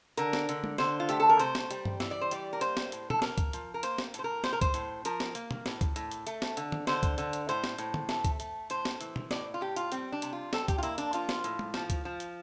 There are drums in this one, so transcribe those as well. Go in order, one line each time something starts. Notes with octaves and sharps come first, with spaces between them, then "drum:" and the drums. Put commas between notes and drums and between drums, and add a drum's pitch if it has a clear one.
D3 A#4, drum: hi-hat
drum: snare
D3, drum: hi-hat
drum: tom
D3 C5, drum: snare
F4
A3 G4, drum: hi-hat
A4
A#4
C3 C5, drum: hi-hat
drum: snare
G3, drum: hi-hat
drum: tom G2
E3, drum: snare
D5
C5
G3 D5, drum: hi-hat
A#4
A#3 C5, drum: hi-hat
drum: snare
A2, drum: hi-hat
A4, drum: tom B2
A#3 A#4, drum: snare
drum: kick, hi-hat
F3, drum: hi-hat
A#4
A#3 C5, drum: hi-hat
drum: snare
A2 C5, drum: hi-hat
A#4
A2 C5, drum: snare
A#4
C5, drum: kick, hi-hat
A2, drum: hi-hat
F3 A#4, drum: hi-hat
drum: snare
A#3, drum: hi-hat
drum: tom B2
A2, drum: snare
drum: kick, hi-hat
A2, drum: hi-hat
drum: hi-hat
A3, drum: hi-hat
drum: snare
D3, drum: hi-hat
drum: tom
D3 C5, drum: snare
drum: kick, hi-hat
D3, drum: hi-hat
drum: hi-hat
A2 C5, drum: hi-hat
drum: snare
A2, drum: hi-hat
drum: tom
A3, drum: snare
drum: kick, hi-hat
A3, drum: hi-hat
A2 C5, drum: hi-hat
drum: snare
E3, drum: hi-hat
drum: tom B2
A2 D5, drum: snare
F4
A2 G4
F4, drum: hi-hat
G3 C4, drum: hi-hat
D4
C3, drum: hi-hat
F4
G3 A4, drum: snare
G4, drum: kick, hi-hat
F4
A#3 E4, drum: hi-hat
D4, drum: hi-hat
F3 F4, drum: hi-hat
drum: snare
A2, drum: hi-hat
drum: tom
F3, drum: snare
drum: kick, hi-hat
F3
drum: hi-hat